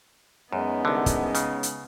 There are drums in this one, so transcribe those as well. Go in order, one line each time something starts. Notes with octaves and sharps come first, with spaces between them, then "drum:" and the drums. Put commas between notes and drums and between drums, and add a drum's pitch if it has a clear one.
F#2 G#3 B3 C#4 D#4
C2 D3
drum: kick, hi-hat
C#3, drum: hi-hat
drum: hi-hat